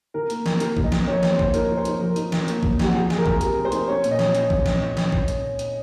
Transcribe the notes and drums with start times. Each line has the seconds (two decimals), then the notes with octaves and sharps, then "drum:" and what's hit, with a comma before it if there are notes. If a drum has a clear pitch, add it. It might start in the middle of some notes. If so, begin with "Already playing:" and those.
0.14 D#3 A#4
0.30 A#3, drum: hi-hat
0.46 A#3, drum: snare
0.60 D#3 A#4, drum: hi-hat
0.77 D#3, drum: kick
0.84 D#5
0.92 D#3, drum: snare
1.07 F3 C#5
1.23 A#3, drum: snare
1.31 C5
1.39 F3, drum: kick
1.54 D#4 A#4, drum: hi-hat
1.69 D#4
1.77 C5
1.85 D#4, drum: hi-hat
2.01 F3 A#4
2.16 D#4, drum: hi-hat
2.32 F3, drum: snare
2.48 A#3, drum: hi-hat
2.63 A#3, drum: kick
2.79 D#4 F#4, drum: snare
2.94 F3 G#4
3.10 C4, drum: snare
3.18 A#4
3.26 F3, drum: kick
3.41 C3 A#4, drum: hi-hat
3.57 C4
3.65 C5
3.72 D#4, drum: hi-hat
3.88 C#4 C#5
4.04 A#2, drum: hi-hat
4.11 D#5
4.19 C#4, drum: snare
4.35 drum: hi-hat
4.50 drum: kick
4.66 drum: snare
4.97 drum: snare
5.12 drum: kick
5.28 drum: hi-hat
5.59 drum: hi-hat